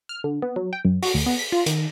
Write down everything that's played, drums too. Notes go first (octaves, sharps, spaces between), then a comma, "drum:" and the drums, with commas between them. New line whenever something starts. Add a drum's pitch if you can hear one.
F6
D3
B3
F#3
G5
F#2
F#4, drum: open hi-hat
D2
B3
B6
F4
D#3, drum: hi-hat